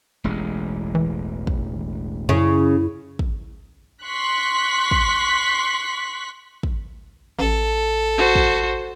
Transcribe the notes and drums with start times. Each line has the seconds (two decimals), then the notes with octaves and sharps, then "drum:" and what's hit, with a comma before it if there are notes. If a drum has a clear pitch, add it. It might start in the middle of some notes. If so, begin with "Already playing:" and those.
0.24 E1 A1 G#3
0.95 E3
1.47 drum: kick
2.29 F#2 C#3 E4
3.19 drum: kick
4.05 C6 C#6 F#6 B6
4.91 drum: kick
6.63 drum: kick
7.39 A1 A4
8.18 F#4 C5
8.35 drum: kick